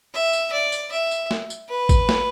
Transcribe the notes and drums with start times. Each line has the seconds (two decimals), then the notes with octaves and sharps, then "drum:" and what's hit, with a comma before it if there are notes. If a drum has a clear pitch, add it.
0.14 E5
0.33 drum: tambourine
0.52 D5
0.72 drum: tambourine
0.92 E5
1.11 drum: tambourine
1.31 drum: snare
1.50 drum: tambourine
1.69 B4
1.89 drum: kick A1, tambourine
2.09 drum: snare